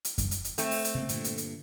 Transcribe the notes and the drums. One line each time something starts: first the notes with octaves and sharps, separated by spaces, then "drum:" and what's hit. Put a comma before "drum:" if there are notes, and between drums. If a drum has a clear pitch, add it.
drum: hi-hat
drum: kick F#2, hi-hat
drum: hi-hat
drum: hi-hat
A3 C4, drum: hi-hat
drum: open hi-hat
drum: hi-hat
C3 G3 A#3
G2 A#2 D3, drum: hi-hat
drum: hi-hat
drum: hi-hat